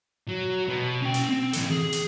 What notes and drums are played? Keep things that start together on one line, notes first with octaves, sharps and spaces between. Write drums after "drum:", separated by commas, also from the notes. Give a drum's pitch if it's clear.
F#3
B2
C#4 G5
drum: hi-hat
C4
E3 A4, drum: hi-hat
G#4
drum: hi-hat